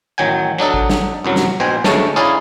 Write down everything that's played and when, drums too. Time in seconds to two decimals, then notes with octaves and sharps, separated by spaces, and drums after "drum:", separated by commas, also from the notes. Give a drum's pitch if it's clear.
0.18 A1 D#3 F#3 G5 G#5
0.58 F#3 D4 D#4 A4
0.74 drum: kick A1
0.89 drum: snare
1.24 C2 F#2 F#3
1.36 drum: snare
1.60 A#1 B2 C5 G5 G#5
1.84 D2 G#2 G#3 A3 C#4 A5, drum: snare
2.16 C#4 D#4 E4 G#4 D5 F5